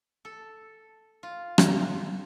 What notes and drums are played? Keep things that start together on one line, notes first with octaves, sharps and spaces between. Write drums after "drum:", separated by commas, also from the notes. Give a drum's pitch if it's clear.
A4
F4
drum: rim click